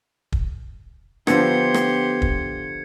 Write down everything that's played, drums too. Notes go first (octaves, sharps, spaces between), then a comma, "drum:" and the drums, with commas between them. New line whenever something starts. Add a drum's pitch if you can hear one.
drum: kick
D3 F3 B3 G4 C6 G#6 C#7, drum: rim click
drum: rim click
drum: kick